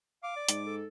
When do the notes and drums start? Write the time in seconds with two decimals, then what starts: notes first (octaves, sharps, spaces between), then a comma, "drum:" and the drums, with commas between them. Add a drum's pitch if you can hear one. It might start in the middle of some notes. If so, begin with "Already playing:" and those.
0.23 F5 D6
0.36 D5
0.49 G#2, drum: hi-hat
0.66 A4